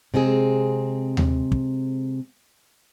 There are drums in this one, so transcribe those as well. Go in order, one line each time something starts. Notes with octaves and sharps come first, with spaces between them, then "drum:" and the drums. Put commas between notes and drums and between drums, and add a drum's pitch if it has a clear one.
C3 G#3 C4 G#4
drum: tom D#2
drum: kick